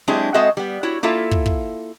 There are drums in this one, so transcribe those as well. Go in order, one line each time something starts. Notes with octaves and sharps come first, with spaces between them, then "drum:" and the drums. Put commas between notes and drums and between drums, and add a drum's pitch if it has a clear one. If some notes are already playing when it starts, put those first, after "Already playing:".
F#3 G#3 C4 D4 E4 G4
G#3 C4 F#4 A4 D#5 E5
G3 B3
E4 F#4 C#5
A#3 E4 F4 A4 E5
drum: kick
drum: kick